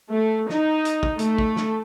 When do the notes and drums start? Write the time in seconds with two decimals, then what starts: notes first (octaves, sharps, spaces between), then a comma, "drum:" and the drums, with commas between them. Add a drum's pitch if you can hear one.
0.11 A3
0.49 D#4, drum: snare
0.85 drum: hi-hat
1.03 drum: kick
1.19 A3, drum: hi-hat
1.38 drum: kick
1.56 drum: snare